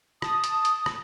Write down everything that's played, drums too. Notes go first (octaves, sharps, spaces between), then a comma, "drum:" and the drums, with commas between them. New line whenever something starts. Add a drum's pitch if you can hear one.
A5 D#6, drum: rim click
drum: hi-hat
drum: hi-hat
drum: rim click